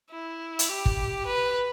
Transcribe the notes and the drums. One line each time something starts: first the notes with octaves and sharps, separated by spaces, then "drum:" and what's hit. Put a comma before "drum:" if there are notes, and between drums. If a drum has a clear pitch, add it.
E4
drum: hi-hat
G4
drum: kick
B4